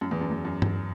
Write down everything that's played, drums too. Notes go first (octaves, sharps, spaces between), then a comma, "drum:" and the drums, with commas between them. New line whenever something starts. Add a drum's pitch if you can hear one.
F#2
E2
F#2
E2
F#2
drum: tom G2